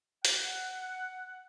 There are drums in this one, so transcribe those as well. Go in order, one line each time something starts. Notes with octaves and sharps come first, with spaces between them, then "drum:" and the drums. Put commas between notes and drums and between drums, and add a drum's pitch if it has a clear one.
F#5, drum: hi-hat